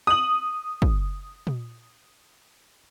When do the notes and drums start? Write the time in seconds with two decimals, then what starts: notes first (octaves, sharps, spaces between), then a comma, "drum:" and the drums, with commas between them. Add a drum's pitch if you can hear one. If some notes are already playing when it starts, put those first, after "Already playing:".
0.07 D#6 F#7
0.82 drum: kick
1.47 drum: tom A#2